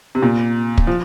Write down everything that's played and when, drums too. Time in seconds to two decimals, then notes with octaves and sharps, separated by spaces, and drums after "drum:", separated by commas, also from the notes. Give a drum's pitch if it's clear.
0.15 C3
0.22 A#2
0.78 drum: kick
0.87 F3